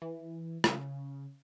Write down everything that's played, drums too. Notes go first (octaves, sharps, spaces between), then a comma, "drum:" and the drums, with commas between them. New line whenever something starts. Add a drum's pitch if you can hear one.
E3
C#3, drum: rim click